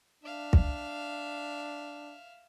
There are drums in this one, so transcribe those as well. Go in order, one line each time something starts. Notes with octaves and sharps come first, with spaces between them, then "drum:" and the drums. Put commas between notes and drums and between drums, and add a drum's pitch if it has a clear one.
D4 E5 F5
drum: kick